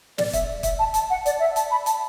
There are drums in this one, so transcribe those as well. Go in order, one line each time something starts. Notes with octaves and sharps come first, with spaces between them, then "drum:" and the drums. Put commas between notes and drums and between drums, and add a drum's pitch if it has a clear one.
D5, drum: snare
E5, drum: kick, hi-hat
E5, drum: kick, hi-hat
A5
A5, drum: hi-hat
F#5
D5, drum: hi-hat
E5
A5, drum: hi-hat
B5
A5, drum: hi-hat